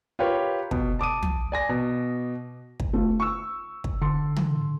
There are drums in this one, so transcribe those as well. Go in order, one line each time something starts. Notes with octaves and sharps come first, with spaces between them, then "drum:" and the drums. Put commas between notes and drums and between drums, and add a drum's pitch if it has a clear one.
F4 G4 A#4 B4 C#5
B2, drum: kick
A5 D6 D#6 D#7
drum: tom
D5 G#5 A#6
B2
drum: kick
A3 F4
C#6 E6
drum: kick
D3 C6
drum: tom